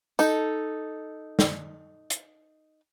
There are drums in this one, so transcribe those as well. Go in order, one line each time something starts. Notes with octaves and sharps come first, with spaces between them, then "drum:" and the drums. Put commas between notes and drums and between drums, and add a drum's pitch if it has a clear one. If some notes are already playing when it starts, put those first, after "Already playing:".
D#4 A4, drum: tambourine
drum: snare
drum: hi-hat